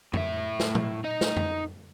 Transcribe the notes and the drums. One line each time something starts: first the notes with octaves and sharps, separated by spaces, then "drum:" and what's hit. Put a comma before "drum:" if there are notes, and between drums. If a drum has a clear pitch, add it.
A2 E5, drum: tom F2
drum: snare
drum: tom A#2
D#4 D#5
drum: snare
drum: tom F2